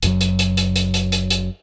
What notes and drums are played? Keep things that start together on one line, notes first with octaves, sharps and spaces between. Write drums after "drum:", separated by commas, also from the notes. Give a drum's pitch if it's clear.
F#1 F#2 C#3 F#3, drum: hi-hat
drum: hi-hat
drum: hi-hat
drum: hi-hat
drum: hi-hat
drum: hi-hat
drum: hi-hat
drum: hi-hat